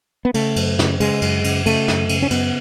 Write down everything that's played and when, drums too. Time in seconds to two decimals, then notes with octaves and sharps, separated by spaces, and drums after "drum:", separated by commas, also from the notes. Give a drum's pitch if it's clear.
0.25 B3
0.34 C#3 A3, drum: cymbal
0.56 F#2, drum: cymbal
0.79 C#3, drum: snare
1.00 C#3 G#3, drum: cymbal
1.22 F#2, drum: cymbal
1.44 C#3, drum: cymbal
1.66 C#3 A3, drum: cymbal
1.88 F#2, drum: snare
2.09 C#3, drum: cymbal
2.22 C#4
2.31 F#2 B3, drum: cymbal